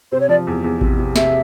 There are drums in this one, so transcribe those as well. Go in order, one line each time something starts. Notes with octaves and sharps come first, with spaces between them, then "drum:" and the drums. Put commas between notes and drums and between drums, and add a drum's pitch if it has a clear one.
C3 C5
C#5
F3 D5
E2
E2
C3, drum: kick A1
C3
C3 E5, drum: snare